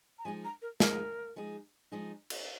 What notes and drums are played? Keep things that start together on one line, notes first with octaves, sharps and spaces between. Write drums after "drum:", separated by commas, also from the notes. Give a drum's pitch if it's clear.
A#5
F3 G#3 D#4 G#4 G#5
A#5
A#4
F3 G#3 D#4 G#4 A#4, drum: snare
F3 G#3 D#4 G#4
F3 G#3 D#4 G#4
drum: cymbal